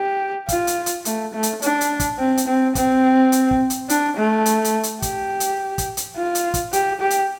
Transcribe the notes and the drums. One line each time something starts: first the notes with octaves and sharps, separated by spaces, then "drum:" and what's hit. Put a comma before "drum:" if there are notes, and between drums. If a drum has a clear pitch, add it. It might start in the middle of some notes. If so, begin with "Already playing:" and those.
Already playing: G4
F4, drum: kick, hi-hat
drum: hi-hat
drum: hi-hat
A3, drum: hi-hat
A3
drum: hi-hat
D4, drum: hi-hat
drum: hi-hat
drum: kick, hi-hat
C4
drum: hi-hat
C4
C4, drum: kick, hi-hat
drum: hi-hat
drum: kick
drum: hi-hat
D4, drum: hi-hat
A3
drum: hi-hat
drum: hi-hat
drum: hi-hat
G4, drum: kick, hi-hat
drum: hi-hat
drum: kick, hi-hat
drum: hi-hat
F4
drum: hi-hat
drum: kick, hi-hat
G4, drum: hi-hat
G4
drum: hi-hat